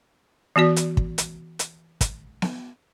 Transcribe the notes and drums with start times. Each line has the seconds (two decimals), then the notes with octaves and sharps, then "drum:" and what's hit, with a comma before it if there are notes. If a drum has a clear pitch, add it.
0.56 E3 B3 F#4 D5
0.76 drum: hi-hat
0.97 drum: kick
1.18 drum: hi-hat
1.59 drum: hi-hat
2.01 drum: kick, hi-hat
2.42 drum: snare B3